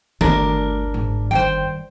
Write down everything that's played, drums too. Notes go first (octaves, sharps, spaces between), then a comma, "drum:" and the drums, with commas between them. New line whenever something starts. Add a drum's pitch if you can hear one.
G1 D2 D4 A#4, drum: tom D#3
G#2
D#3 G3 C5 G5